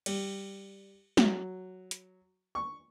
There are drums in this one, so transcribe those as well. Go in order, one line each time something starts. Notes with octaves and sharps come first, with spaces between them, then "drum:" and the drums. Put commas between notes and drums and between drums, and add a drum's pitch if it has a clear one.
G3, drum: cymbal
F#3, drum: snare
drum: hi-hat
C#6